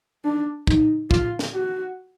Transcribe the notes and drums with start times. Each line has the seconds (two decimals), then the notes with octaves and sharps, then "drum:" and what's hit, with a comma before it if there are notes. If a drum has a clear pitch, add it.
0.24 D4
0.67 D#4, drum: kick
1.11 F4, drum: kick
1.39 drum: snare
1.54 F#4